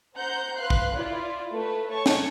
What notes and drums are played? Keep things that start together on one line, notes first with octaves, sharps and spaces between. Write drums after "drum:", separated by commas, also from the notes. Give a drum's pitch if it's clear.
C5 F#5 A#5 G6
B4 F5 C6 F#6
drum: kick
E4 F4 D5
A3 B4
C#5 A5 C#6
drum: snare